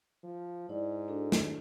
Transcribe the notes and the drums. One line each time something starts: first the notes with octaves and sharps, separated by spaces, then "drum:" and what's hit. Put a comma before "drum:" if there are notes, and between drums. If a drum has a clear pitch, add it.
F3
G#2 E4 D5
D4 F#4 A4
drum: snare